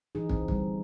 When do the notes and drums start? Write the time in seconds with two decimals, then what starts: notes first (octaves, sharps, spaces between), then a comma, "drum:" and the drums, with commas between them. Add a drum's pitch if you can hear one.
0.15 E3 D#4 G#4
0.30 C4, drum: kick
0.48 D3 G3, drum: kick